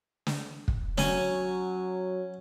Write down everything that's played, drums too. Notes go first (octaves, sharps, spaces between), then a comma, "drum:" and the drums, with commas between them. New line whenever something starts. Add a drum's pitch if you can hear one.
drum: snare
drum: kick
F#3 C#4 G#5, drum: snare